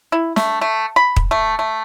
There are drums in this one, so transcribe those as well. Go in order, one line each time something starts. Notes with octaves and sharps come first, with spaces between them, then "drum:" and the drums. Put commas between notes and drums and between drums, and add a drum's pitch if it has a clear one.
E4
A3, drum: snare
A3
B5
drum: kick
A3
A3